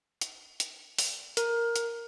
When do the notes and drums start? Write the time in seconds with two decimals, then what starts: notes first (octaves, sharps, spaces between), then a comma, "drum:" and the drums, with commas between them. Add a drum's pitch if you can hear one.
0.21 drum: hi-hat
0.60 drum: hi-hat
0.99 drum: open hi-hat
1.37 A#4, drum: hi-hat
1.76 drum: hi-hat